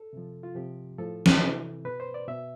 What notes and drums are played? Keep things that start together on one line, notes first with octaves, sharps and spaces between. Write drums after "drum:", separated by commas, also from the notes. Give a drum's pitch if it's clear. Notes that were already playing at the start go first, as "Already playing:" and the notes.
Already playing: A4
C3 F3
F4
C3 F3 G4
A2 F3 A4
drum: snare
C3 E3
B2 B4
C5
D5
B2 E5